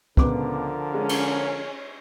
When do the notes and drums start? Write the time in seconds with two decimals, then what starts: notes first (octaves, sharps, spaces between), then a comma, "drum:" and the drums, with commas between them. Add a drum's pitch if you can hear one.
0.17 C#2 D3 F3 B3 A#4 D6, drum: kick
0.94 G#3 C#4
1.09 drum: cymbal